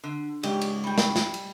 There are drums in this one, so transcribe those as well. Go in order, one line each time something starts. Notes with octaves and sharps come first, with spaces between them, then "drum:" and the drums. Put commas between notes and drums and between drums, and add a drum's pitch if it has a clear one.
D3
G#2 C#3 G4 D5, drum: cymbal
drum: cymbal
G3 G5
drum: snare
drum: snare
drum: cymbal